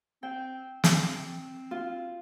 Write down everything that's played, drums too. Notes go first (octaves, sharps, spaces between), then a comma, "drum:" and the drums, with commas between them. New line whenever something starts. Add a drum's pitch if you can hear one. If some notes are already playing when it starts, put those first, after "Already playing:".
C4 G5
C4, drum: snare
F4